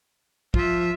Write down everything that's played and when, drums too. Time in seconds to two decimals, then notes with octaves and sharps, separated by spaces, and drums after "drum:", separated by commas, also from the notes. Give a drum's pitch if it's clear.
0.54 F3 F4 E5, drum: kick